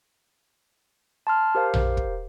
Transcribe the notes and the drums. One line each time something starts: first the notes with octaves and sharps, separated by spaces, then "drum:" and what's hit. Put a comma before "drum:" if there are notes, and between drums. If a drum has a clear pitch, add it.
A5 C6 F6
G4 A#4 C5 F5
drum: tom A#1
drum: kick